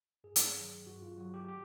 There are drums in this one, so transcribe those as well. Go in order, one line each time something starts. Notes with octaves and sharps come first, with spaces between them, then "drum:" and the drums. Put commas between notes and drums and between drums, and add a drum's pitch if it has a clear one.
G2 G#4
drum: hi-hat
D#3 F#3
G2 F#4
F4
D#3 F#3 F#4
G4
G4